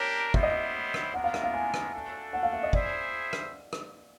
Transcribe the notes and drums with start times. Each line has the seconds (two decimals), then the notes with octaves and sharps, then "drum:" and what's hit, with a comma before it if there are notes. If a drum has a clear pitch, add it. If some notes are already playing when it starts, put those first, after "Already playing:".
Already playing: D4 G4 A#4 C#5
0.34 G3 B3 E4 G4 C5 E5, drum: kick
0.43 D#5
0.52 E5
0.94 drum: rim click
1.14 G#3 B3 D4 F4 A#4 F#5
1.24 F5
1.34 E5, drum: rim click
1.44 F5
1.54 G#5
1.74 drum: rim click
1.93 A3 D4 F#4 A4
2.33 F#5
2.43 F5
2.53 E5
2.63 D#5
2.73 E4 G#4 C5 D5 E5, drum: kick
3.33 drum: rim click
3.73 drum: rim click